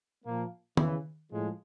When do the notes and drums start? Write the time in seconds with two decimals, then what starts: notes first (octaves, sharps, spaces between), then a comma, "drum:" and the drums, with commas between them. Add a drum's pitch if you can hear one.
0.25 A#2 F3 A#3
0.77 E2 C#3 E3, drum: tom
1.30 A2 F3 G#3